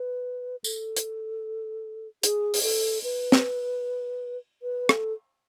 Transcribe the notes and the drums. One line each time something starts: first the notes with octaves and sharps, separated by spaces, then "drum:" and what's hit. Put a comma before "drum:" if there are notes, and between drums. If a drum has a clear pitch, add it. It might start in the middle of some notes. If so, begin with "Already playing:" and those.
Already playing: B4
A4, drum: tambourine
drum: hi-hat
G#4, drum: hi-hat
drum: open hi-hat
A4
B4
drum: snare
B4
A4, drum: rim click